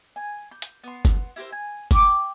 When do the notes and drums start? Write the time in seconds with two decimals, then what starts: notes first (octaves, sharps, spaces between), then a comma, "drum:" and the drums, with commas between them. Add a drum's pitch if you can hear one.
0.16 G#5
0.51 G6
0.62 drum: hi-hat
0.84 B3 C6
1.05 drum: kick G1, hi-hat
1.36 E4 G4 A#4 C5
1.52 G#5
1.91 G5 D6, drum: kick G1, hi-hat